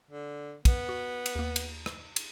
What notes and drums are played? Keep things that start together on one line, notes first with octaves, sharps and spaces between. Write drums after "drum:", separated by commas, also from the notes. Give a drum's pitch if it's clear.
D3
B3, drum: kick, cymbal
F#4
drum: cymbal
D#2 A#3
drum: cymbal
drum: rim click
drum: cymbal